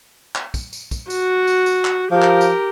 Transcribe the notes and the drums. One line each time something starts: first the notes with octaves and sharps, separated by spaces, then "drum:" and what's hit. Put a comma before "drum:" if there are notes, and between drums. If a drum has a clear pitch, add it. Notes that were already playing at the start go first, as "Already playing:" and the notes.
drum: clap
drum: kick, tambourine
drum: tambourine
drum: kick, tambourine
F#4, drum: tambourine
drum: tambourine
drum: tambourine
drum: clap
F3 G4 A#4
drum: clap
drum: tambourine